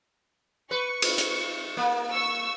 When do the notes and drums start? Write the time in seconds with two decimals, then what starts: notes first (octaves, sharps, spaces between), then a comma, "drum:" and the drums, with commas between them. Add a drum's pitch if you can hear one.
0.71 B4 C#6
1.02 drum: cymbal
1.18 drum: hi-hat
1.77 A#3
2.12 C#6 E6